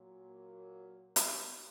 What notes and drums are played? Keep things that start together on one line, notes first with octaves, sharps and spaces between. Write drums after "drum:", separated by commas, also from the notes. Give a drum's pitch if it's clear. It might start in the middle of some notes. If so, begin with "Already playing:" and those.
Already playing: A#2 F#3
A#3
drum: hi-hat